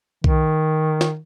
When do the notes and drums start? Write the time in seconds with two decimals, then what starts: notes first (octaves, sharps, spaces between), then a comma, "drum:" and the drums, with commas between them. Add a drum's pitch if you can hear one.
0.24 D#3, drum: kick B1
1.01 drum: snare